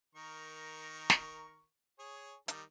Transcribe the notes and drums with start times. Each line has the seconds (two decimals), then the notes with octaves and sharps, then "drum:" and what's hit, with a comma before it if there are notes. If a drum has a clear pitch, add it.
0.15 D#3 A#4 C#6
1.10 drum: snare
1.99 G#4 C#5
2.48 D#3 G3, drum: hi-hat